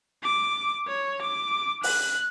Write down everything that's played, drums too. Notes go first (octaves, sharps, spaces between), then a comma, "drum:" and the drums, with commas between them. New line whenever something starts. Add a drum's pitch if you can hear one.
D6
C#5
D6
F#6, drum: open hi-hat